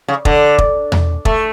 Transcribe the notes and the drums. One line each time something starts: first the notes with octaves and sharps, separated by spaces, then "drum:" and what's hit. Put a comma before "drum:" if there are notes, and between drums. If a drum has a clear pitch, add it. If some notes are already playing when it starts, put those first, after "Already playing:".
C#3
D3, drum: kick
drum: kick
drum: tom E2
A3, drum: kick